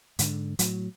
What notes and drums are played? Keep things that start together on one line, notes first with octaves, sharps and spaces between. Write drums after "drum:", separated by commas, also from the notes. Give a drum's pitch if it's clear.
G#2 D3, drum: hi-hat
A2 F#3, drum: hi-hat